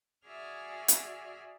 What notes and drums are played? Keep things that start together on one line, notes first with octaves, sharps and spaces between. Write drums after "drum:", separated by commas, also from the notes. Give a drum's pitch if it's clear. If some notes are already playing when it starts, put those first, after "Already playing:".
F#4 G#4 D5 E5 G#5 F6
drum: hi-hat